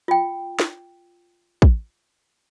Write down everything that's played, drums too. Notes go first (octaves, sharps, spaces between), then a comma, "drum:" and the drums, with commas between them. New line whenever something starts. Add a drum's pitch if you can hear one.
F4 G5
drum: snare
drum: kick